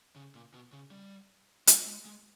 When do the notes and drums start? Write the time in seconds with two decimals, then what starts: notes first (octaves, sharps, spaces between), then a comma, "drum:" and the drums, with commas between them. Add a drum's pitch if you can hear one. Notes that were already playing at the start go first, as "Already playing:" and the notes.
0.16 C#3
0.35 A#2
0.54 B2
0.73 C#3
0.91 G3
1.67 G3, drum: hi-hat
1.86 G#3
2.05 G#3